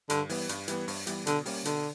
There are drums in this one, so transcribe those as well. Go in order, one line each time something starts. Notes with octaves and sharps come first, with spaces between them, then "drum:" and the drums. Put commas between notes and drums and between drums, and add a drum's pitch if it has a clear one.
G2 D3, drum: hi-hat
E3 G3 B3, drum: open hi-hat
G2, drum: hi-hat
E3 G3 B3, drum: hi-hat
G2, drum: open hi-hat
E3 G3 B3, drum: hi-hat
B2 D3, drum: hi-hat
G3 A#3 C#4, drum: open hi-hat
B2 D3, drum: hi-hat